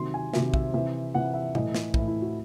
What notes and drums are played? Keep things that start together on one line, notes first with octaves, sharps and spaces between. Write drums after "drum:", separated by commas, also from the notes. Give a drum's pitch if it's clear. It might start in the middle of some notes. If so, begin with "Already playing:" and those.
Already playing: C3 D#3 F#3 C6
G#5
C3 D#3 F#3 E5, drum: snare
E5, drum: kick
C3 E3 E5
C3 E3 F#5
E5
A2 E3 D#5, drum: tom B2
drum: snare
A2 E3 E4, drum: kick
E4
F#4